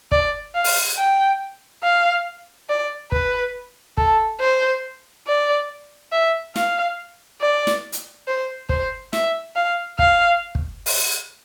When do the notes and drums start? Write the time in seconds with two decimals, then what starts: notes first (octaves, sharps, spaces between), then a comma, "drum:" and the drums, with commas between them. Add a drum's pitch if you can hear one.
0.12 D5, drum: kick
0.55 F5
0.64 drum: open hi-hat
0.98 G5
1.83 F5
2.69 D5
3.12 B4, drum: kick
3.97 A4, drum: kick
4.40 C5
5.27 D5
6.12 E5
6.56 F5, drum: snare
7.41 D5
7.67 drum: snare
7.92 drum: hi-hat
8.27 C5
8.69 C5, drum: kick
9.13 E5, drum: snare
9.55 F5
9.99 F5, drum: kick
10.55 drum: kick
10.86 drum: open hi-hat